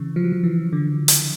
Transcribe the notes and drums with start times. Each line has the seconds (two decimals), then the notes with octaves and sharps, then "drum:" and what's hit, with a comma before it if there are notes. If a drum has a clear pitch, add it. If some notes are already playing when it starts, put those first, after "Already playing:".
Already playing: C#3 E3
0.16 F3
0.24 F#3
0.32 F3
0.44 E3
0.73 D3
1.08 drum: hi-hat